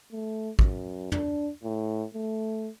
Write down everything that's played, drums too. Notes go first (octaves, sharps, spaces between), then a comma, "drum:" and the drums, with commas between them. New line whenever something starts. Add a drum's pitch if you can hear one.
A3
F#2, drum: kick
D4, drum: tom
A2
A3